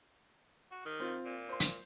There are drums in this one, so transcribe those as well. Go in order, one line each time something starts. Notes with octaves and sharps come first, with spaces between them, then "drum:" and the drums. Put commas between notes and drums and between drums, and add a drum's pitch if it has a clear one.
F#4
D#3
C4 F4
A#2
C5 C6
drum: hi-hat